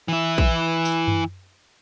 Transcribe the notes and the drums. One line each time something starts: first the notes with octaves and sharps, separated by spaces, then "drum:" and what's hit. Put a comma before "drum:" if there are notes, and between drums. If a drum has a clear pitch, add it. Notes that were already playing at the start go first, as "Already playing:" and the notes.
E3 E4
drum: kick A#1
drum: tambourine
drum: tom F#2